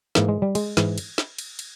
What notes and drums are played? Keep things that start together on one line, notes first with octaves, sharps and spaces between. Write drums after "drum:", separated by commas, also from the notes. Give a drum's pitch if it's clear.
G#2 E3 A#3, drum: snare
G#3
G3
G#3, drum: cymbal
G#2 E3, drum: snare
drum: cymbal
drum: snare
drum: cymbal
drum: cymbal